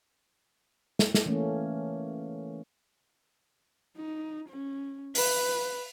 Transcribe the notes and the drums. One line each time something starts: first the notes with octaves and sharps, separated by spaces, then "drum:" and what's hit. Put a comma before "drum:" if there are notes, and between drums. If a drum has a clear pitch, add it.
drum: snare
drum: snare
E3 A3 A#3 C#4
D#4
C#4
B4, drum: open hi-hat